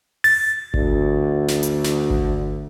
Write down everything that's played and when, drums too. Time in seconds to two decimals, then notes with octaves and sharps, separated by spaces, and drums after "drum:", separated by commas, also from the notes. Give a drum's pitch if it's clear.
0.24 A6, drum: open hi-hat
0.74 D2, drum: kick G1
1.48 drum: snare
1.63 drum: hi-hat
1.84 drum: snare
2.10 drum: kick G1